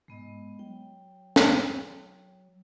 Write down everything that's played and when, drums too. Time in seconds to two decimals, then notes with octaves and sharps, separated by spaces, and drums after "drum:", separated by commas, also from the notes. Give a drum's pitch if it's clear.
0.08 G#2 G#3 B3 D#5
0.59 F#3 G5
1.36 drum: snare